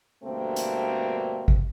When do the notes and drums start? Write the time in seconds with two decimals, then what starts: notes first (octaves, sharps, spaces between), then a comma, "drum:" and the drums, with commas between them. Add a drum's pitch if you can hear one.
0.24 G2 B2 D3 A3 A#3 C4
0.56 drum: hi-hat
1.48 drum: kick G#1